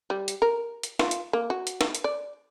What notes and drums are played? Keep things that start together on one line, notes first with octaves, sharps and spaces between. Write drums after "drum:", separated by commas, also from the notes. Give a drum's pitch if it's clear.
G3
drum: hi-hat
A#4
drum: hi-hat
F4, drum: snare
drum: hi-hat
A#3
F#4
drum: hi-hat
drum: snare
drum: hi-hat
D5